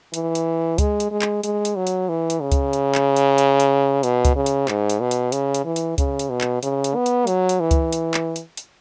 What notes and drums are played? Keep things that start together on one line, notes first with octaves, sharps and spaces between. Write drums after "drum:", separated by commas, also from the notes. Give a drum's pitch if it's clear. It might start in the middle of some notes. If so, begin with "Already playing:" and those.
E3, drum: hi-hat
drum: hi-hat
G#3, drum: kick C#2, hi-hat
drum: hi-hat
G#3
drum: clap
G#3, drum: hi-hat
drum: hi-hat
F#3
drum: hi-hat
E3
drum: hi-hat
C#3
drum: kick C#2, hi-hat
drum: hi-hat
drum: clap
drum: hi-hat
drum: hi-hat
drum: hi-hat
B2, drum: hi-hat
drum: kick C#2, hi-hat
C#3
drum: hi-hat
G#2, drum: clap
drum: hi-hat
B2
drum: hi-hat
C#3, drum: hi-hat
drum: hi-hat
E3
drum: hi-hat
C#3, drum: kick C#2, hi-hat
drum: hi-hat
B2
drum: clap
C#3, drum: hi-hat
drum: hi-hat
B3
drum: hi-hat
F#3, drum: hi-hat
drum: hi-hat
E3
drum: kick C#2, hi-hat
drum: hi-hat
drum: clap
drum: hi-hat
drum: hi-hat